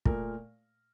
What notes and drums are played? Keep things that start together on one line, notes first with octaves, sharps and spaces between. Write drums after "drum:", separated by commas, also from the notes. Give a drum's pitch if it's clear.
A#2 A3 A#4, drum: kick